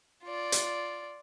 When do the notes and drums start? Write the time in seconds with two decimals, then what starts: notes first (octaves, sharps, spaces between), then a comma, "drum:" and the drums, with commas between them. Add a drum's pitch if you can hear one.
0.24 F4 D5
0.52 drum: hi-hat